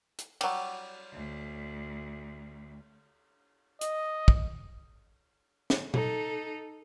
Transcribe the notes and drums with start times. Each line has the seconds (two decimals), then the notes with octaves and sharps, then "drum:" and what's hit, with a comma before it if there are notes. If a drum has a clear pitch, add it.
0.18 drum: hi-hat
0.41 F#3 G3, drum: cymbal
1.13 D2
3.81 D#5, drum: hi-hat
4.28 drum: kick
5.70 drum: snare
5.94 D#4 A4, drum: tom